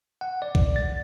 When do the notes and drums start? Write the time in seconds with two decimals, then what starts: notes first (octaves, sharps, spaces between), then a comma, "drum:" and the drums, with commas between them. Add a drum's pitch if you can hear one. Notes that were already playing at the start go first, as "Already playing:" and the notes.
0.21 F#5
0.42 D5
0.55 drum: kick
0.76 A6